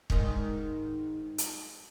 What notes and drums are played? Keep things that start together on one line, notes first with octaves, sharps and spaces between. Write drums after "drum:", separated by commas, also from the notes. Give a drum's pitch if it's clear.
G#2 D#3 D#4, drum: kick
drum: hi-hat